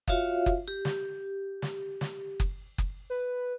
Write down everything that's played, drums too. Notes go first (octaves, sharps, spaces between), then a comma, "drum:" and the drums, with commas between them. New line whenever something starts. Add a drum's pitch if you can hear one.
F4 F#4 C#5 E5 F5, drum: kick F#1
drum: kick F#1
G4
drum: snare
drum: snare
drum: snare
drum: kick F#1
drum: kick F#1
B4